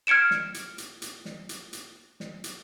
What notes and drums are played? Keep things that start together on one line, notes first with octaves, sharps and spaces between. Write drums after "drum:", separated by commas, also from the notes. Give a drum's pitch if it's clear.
F6 G#6 C#7 D7 E7
drum: snare
drum: hi-hat
drum: hi-hat
drum: hi-hat
drum: snare
drum: hi-hat
drum: hi-hat
drum: snare
drum: hi-hat